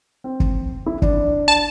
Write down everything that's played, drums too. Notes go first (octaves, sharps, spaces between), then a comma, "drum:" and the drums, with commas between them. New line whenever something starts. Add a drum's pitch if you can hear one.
C4
drum: kick
E4
D4, drum: kick
A5